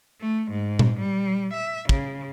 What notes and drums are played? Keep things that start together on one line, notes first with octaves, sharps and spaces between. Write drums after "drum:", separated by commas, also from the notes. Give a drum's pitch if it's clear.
A3
G#2
drum: tom A#2
G3
E5
C#3, drum: kick